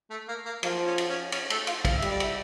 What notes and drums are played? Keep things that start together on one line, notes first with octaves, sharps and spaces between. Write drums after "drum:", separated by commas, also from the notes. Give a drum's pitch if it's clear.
A3
A#3
A#3
F3 A#3, drum: cymbal
C#4
drum: cymbal
C#4
C#4, drum: cymbal
A3 A4, drum: cymbal
F4 F5, drum: cymbal
F5, drum: kick, cymbal
E5
G3, drum: cymbal
D5
E4 E5, drum: cymbal